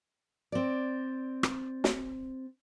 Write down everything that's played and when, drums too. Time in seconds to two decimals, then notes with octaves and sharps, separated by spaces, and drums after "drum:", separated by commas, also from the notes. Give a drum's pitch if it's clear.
0.52 C4 D5
1.43 drum: rim click
1.84 drum: snare